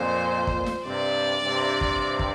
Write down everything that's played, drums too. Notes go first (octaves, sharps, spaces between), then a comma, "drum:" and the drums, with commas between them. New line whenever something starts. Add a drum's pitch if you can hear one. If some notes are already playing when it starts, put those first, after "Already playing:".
Already playing: F2 A#2 C5
drum: kick
drum: snare
G2 C3 D5
G2 C3
drum: kick
drum: kick